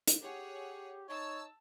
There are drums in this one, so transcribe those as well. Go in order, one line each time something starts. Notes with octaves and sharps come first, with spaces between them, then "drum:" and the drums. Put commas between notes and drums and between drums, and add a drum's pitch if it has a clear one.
drum: hi-hat
G4 G#4 C#5 F#5
D#4 C#5 A5 E6